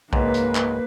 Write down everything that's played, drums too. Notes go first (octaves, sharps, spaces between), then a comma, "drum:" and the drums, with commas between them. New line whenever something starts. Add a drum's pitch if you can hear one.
C#2 G#2 A#3 B4, drum: kick B1
drum: hi-hat
drum: clap